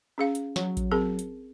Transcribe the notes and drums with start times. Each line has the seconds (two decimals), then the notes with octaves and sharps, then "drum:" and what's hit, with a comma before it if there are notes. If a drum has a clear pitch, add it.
0.18 C#4 G#4 F5
0.35 drum: hi-hat
0.56 F#3, drum: snare
0.77 drum: kick A1, hi-hat
0.91 C4 G#4 A#4
1.19 drum: hi-hat